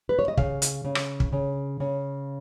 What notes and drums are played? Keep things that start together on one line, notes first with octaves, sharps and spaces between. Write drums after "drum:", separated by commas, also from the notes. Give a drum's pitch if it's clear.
B4
C#5
D#5
C#3 F5, drum: kick
drum: hi-hat
C#3
drum: rim click
drum: kick
C#3
C#3